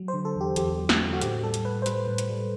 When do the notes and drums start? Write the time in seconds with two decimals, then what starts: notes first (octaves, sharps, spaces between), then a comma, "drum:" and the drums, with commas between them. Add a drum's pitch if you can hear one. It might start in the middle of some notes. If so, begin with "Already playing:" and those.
Already playing: F#3
0.08 C5
0.14 D3
0.25 A4
0.36 E2 G4
0.56 E2 G4, drum: hi-hat
0.78 F#3
0.89 drum: snare
0.99 D3
1.13 F#4
1.21 A2 G4, drum: hi-hat
1.44 G3 A4
1.54 drum: hi-hat
1.65 A2 B4
1.82 C5
1.86 G3 B4, drum: hi-hat
2.07 A2
2.18 drum: hi-hat
2.29 G3